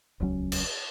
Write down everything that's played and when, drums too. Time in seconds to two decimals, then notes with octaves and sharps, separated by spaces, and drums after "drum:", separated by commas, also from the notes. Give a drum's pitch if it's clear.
0.20 D#1 C#2 F#3 C#4
0.52 drum: cymbal